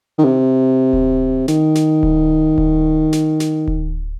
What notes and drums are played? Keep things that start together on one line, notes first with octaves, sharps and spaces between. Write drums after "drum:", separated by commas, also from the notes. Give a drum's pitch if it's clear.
D#3
C3
drum: kick D1
D#3, drum: snare
drum: snare
drum: kick D1
drum: kick D1
drum: snare
drum: snare
drum: kick D1